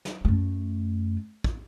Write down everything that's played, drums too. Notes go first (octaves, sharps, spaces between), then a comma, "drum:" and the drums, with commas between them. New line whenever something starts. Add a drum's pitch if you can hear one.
drum: snare
F#2 A3
drum: kick